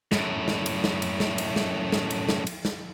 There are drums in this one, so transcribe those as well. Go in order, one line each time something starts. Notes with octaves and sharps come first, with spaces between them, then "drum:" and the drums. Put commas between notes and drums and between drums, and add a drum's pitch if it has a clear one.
F#2 A2, drum: snare
drum: snare
drum: cymbal
drum: snare
drum: cymbal
drum: snare
drum: cymbal
drum: snare
drum: snare
drum: cymbal
drum: snare
drum: cymbal
drum: snare